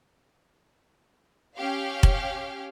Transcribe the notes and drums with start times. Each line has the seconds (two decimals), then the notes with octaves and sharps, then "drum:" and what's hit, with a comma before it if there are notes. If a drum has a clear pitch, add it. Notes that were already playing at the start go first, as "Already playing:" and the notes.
1.58 C#4 G4 F5
2.03 drum: kick F1